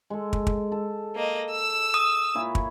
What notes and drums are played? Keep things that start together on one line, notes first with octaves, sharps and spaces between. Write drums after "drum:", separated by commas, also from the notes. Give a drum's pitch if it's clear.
G#3 A4
drum: kick
drum: kick
A4
A#3 D#5
E6 E7
D#6
A#2 E4 C#5
drum: kick